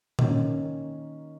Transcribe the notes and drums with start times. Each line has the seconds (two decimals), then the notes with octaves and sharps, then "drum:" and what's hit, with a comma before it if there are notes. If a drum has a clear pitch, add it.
0.19 D#3 A#3 C#4, drum: tom A#2